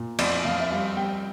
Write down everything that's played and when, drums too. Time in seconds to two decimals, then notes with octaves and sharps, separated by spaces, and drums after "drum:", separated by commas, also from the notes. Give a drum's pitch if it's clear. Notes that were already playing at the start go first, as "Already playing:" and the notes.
Already playing: A#2
0.19 F2 D5, drum: cymbal
0.45 F2 F5
0.60 E5
0.71 G3 F5
0.97 G3 G5